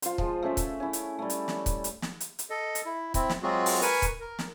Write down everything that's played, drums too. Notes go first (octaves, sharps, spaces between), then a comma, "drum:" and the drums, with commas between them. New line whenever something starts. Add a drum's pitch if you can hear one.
F4 C5 A5 C6, drum: hi-hat
F3 G#3, drum: kick C#1
A3 C#4 E5
drum: kick C#1, hi-hat
C#4 E4
drum: hi-hat
G3 A3
drum: hi-hat
drum: snare
drum: kick C#1, hi-hat
drum: hi-hat
drum: snare
drum: hi-hat
drum: hi-hat
A4 D#5
drum: hi-hat
E4
C4 E4, drum: kick C#1, hi-hat
drum: snare
F#3 G#3 C4 F4 F#4 G#4
drum: open hi-hat
A#4 B4 G#5 C#6, drum: hi-hat
drum: kick C#1, hi-hat
A#4
drum: snare